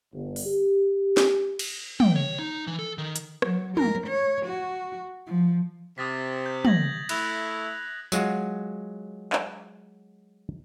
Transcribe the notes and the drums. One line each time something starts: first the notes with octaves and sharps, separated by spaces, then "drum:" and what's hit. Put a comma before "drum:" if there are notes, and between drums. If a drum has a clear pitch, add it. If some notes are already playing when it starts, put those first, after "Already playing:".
G1
drum: open hi-hat
G4
drum: snare
drum: cymbal
G5, drum: tom
C#5
D#4
E3
A4
D#3
drum: hi-hat
F#3, drum: rim click
A#4, drum: tom
C#5
F#4
F3
C3 D#6 A6 B6
G6
G#6 A#6 F#7, drum: tom
A3 E4 F#6 F7, drum: cymbal
F#3 G#3 F4 F#4, drum: tambourine
drum: clap